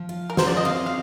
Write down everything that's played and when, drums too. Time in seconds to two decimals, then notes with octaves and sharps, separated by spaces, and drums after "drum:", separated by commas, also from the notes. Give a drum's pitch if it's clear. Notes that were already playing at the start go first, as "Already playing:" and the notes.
Already playing: F3
0.09 F4
0.30 A#4
0.37 G#4 C5, drum: snare
0.47 D5
0.57 D#5
0.65 C4 F5
0.86 F5